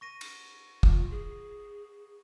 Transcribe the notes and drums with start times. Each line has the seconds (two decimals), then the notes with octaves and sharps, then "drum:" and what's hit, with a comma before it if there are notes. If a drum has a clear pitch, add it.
0.01 C#6 A#6 D#7
0.21 drum: cymbal
0.83 F4, drum: kick
1.11 G#4